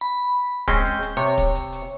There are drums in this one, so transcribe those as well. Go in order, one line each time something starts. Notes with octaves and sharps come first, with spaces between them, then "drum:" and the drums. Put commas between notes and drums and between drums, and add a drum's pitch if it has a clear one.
B5
G#3 C4 C#4 G6, drum: kick, hi-hat
drum: hi-hat
drum: hi-hat
C3 C#5
drum: kick, hi-hat
drum: hi-hat
drum: hi-hat